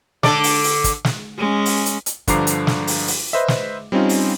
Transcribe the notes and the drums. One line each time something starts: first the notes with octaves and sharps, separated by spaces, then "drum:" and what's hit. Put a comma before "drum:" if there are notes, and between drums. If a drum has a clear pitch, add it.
D3 A4 D5, drum: snare
drum: open hi-hat
drum: open hi-hat
drum: kick, hi-hat
drum: snare
G#3 C#4
drum: open hi-hat
drum: hi-hat
drum: hi-hat
G2 D3 F3 A#5 D6 C7, drum: kick, hi-hat
drum: hi-hat
drum: snare
drum: open hi-hat
drum: open hi-hat
B4 C5 D#5 E5
drum: snare
G3 C4 C#4 D#4 F4
drum: open hi-hat